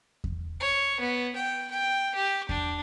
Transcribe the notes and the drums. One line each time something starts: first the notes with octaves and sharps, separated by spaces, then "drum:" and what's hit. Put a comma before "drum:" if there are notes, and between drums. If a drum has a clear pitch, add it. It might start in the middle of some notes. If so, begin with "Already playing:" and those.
drum: kick E2
C#5
B3
G5
G5
G4
D4, drum: kick E2